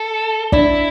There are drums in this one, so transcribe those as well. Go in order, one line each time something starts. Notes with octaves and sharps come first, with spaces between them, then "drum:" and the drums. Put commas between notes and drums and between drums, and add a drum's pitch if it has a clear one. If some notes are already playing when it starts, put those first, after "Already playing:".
Already playing: A4
D4 E4 D5, drum: kick